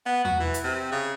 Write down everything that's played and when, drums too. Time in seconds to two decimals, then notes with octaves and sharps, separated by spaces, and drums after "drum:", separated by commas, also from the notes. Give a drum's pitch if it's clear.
0.06 B3
0.25 F#4, drum: tom E2
0.40 E3
0.54 drum: hi-hat
0.64 C3
0.92 C#3